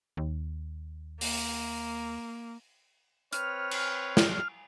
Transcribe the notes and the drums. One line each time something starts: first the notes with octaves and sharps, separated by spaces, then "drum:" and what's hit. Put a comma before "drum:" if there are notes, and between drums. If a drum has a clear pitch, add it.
D#2
A#3, drum: open hi-hat
C4 B4 C#5 F6, drum: hi-hat
drum: cymbal
drum: snare